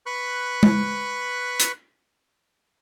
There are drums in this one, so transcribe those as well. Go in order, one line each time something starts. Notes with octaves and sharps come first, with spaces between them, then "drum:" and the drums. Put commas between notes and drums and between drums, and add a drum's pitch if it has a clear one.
B4 B5 C#6 F#6
drum: tom G#3
drum: hi-hat